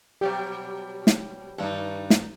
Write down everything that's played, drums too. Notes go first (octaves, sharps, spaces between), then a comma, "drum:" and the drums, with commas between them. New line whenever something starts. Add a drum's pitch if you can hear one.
B2 F#3 G3 G4
drum: snare
G2 D#3 D4 D#4
drum: snare